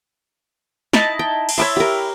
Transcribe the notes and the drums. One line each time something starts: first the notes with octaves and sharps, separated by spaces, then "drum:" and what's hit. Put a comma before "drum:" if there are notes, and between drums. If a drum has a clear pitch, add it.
D#4 E4 A5, drum: snare
G5
drum: cymbal
E4 C#5 A5 C6 D6 E6
G4 A#4